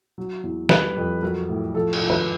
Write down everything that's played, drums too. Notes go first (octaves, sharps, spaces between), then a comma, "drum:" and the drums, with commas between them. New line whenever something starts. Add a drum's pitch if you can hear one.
F#3
E2
G3 B4, drum: snare
F2
F#3 A#4
A2
F3 A4
A4, drum: cymbal
F3
B4, drum: tom G2